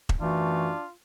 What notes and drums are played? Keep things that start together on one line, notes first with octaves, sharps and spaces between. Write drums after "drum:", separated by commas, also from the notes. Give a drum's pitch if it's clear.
drum: kick E1
F#2 E3 A3 D4 F4 F#4